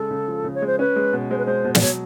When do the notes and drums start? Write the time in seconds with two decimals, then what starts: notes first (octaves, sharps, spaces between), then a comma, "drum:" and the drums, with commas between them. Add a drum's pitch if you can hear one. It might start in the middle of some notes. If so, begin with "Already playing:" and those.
Already playing: C#3 G#3 A4
0.11 C#3
0.28 F3
0.44 C#3
0.55 C#5
0.62 G#3 C5
0.79 C#4 B4
0.96 G#3
1.13 B2
1.31 G#3 C5
1.38 B4
1.46 G#3 C5
1.65 B2
1.75 D5, drum: snare
1.81 F#3 C#5